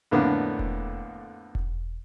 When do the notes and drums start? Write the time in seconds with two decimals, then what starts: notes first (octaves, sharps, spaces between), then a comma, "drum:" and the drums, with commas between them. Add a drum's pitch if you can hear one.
0.11 F2 A2 D3 A#3 B3 D4
0.59 drum: kick E1
1.55 drum: kick E1